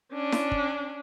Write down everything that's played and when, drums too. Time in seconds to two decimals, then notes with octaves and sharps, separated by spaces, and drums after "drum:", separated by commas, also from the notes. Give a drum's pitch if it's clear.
0.13 C#4 D4
0.32 drum: snare E4
0.52 drum: kick